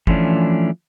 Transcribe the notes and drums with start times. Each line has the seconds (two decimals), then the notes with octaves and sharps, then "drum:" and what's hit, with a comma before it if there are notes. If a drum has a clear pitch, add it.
0.07 E3 F3 A3 C#4 D4, drum: kick